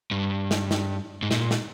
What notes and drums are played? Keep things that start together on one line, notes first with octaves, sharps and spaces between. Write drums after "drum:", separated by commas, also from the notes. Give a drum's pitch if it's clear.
G2
drum: snare
drum: snare
G#2
A#2, drum: snare
drum: snare